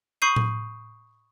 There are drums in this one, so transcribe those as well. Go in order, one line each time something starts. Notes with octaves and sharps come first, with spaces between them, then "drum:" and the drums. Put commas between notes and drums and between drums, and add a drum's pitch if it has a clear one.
B5 C#6 D#6 G6 C7 D#7
drum: tom A2